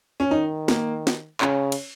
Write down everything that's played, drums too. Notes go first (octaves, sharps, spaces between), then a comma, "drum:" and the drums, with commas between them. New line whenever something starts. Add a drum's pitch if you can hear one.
C#4
D#3 D#4
A#3, drum: snare
drum: snare
C#3 C#4, drum: clap
drum: cymbal